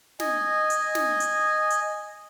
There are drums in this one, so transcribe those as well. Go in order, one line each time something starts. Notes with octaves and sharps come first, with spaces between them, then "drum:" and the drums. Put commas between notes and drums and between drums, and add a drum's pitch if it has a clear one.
D#5 G#5, drum: snare
drum: hi-hat
drum: snare
drum: hi-hat
drum: hi-hat